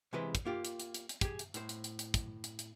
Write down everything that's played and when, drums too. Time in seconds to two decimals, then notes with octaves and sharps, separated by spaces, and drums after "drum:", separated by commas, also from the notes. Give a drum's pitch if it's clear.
0.13 C3 E3 G#3 B4 C5
0.35 drum: kick, hi-hat
0.45 A#3 F4 G4
0.65 drum: hi-hat
0.79 drum: hi-hat
0.94 drum: hi-hat
1.09 drum: hi-hat
1.21 G4 G#4, drum: kick, hi-hat
1.39 drum: hi-hat
1.54 A2 C5, drum: hi-hat
1.69 drum: hi-hat
1.84 drum: hi-hat
1.99 drum: hi-hat
2.14 drum: kick, hi-hat
2.44 drum: hi-hat
2.59 drum: hi-hat